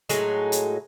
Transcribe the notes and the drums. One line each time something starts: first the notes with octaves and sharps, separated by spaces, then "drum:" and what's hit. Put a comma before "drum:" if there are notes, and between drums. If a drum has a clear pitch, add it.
A2 F#3 G#3 D#4, drum: hi-hat
drum: hi-hat